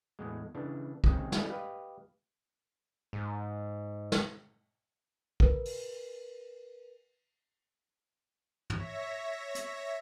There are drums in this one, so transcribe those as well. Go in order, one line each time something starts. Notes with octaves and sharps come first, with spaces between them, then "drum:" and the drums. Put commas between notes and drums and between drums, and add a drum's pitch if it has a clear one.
E2 A2 G#3
C#3 E3 D4
C3 D#3 G#3 C4 C#4, drum: kick
G3 A3 C#4 E4 F#4 D#5, drum: snare
G4 B4 D#5 F5
G#2
drum: snare
A#4 B4, drum: kick
drum: open hi-hat
C#5 E5 A#6, drum: tom
drum: hi-hat